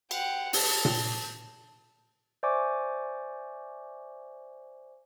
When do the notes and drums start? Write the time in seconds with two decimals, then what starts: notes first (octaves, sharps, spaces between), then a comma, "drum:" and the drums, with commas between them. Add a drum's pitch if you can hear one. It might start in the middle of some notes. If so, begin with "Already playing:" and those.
0.11 F#5 G5, drum: cymbal
0.53 A5, drum: open hi-hat
0.85 drum: tom A#2
2.43 C5 D5 E5 G#5 C#6 D6